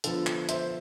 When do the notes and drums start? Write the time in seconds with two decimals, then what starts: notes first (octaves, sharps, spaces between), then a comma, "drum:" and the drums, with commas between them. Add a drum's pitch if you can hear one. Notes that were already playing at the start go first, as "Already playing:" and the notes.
0.04 D3 F3 B3 A4, drum: hi-hat
0.27 drum: clap
0.49 C5 E5, drum: hi-hat